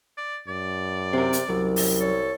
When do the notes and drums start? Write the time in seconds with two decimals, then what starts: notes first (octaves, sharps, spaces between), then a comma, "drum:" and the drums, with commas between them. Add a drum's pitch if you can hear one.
0.17 D5
0.48 F#2 D5
1.13 C3 C4 A#4
1.33 drum: hi-hat
1.49 C2 F#2
1.76 drum: open hi-hat
2.00 A4 C#5